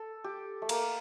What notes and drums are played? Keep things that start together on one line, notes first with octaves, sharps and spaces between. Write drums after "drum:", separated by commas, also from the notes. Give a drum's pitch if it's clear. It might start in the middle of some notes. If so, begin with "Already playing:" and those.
Already playing: A4
G4
A3
A#3, drum: cymbal